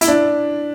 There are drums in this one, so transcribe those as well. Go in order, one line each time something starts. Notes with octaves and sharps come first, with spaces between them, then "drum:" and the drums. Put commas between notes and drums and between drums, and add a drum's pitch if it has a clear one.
E4, drum: hi-hat
D4